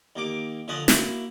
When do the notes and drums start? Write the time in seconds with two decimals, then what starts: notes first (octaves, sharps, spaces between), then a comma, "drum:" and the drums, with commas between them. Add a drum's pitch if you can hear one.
0.16 D#2 A#3 D6
0.68 D3 F3 C#4 D#5 F#5
0.88 A#3 E4 F#4, drum: snare